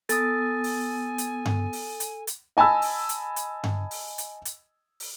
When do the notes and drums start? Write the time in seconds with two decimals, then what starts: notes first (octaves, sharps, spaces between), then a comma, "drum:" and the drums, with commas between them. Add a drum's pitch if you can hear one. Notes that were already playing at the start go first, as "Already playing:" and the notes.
0.09 B3 A4 G#5 D#6 A6, drum: hi-hat
0.64 drum: open hi-hat
1.18 drum: hi-hat
1.46 drum: tom G2
1.73 drum: open hi-hat
2.00 drum: hi-hat
2.27 drum: hi-hat
2.57 D#5 G#5 A5 B5 E6
2.82 drum: open hi-hat
3.09 drum: hi-hat
3.36 drum: hi-hat
3.64 drum: tom G2
3.91 drum: open hi-hat
4.18 drum: hi-hat
4.45 drum: hi-hat
5.00 drum: open hi-hat